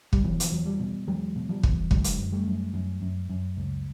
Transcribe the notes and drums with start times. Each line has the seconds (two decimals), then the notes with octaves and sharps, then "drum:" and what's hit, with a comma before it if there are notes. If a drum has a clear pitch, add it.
0.13 G3, drum: kick
0.24 B2 E3 F#3
0.40 F3, drum: hi-hat
0.52 E2 F#3
0.66 F3 G3
0.80 B2
1.07 E2 F#3 G#3
1.36 B2
1.49 F3 G3
1.63 E2, drum: kick
1.91 D3 F#3 G#3, drum: kick
2.04 drum: hi-hat
2.19 F#2
2.32 G3 A3
2.47 F#2
2.74 F#2
3.02 F#2
3.30 F#2
3.57 C#2